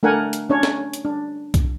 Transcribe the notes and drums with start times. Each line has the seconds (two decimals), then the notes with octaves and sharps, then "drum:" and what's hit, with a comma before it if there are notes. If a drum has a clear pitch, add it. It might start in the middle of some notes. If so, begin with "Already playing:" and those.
0.03 A3 D4 A#4 F#5 G#5
0.33 drum: hi-hat
0.49 C#4 D4 C#5
0.63 drum: snare
0.93 drum: hi-hat
1.05 D4
1.54 drum: kick C2, hi-hat